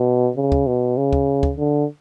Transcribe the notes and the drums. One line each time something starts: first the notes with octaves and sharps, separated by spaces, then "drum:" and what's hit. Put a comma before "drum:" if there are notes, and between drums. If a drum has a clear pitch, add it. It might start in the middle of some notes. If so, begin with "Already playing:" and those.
Already playing: B2
C#3
drum: kick
B2
C#3
drum: kick
drum: kick
D3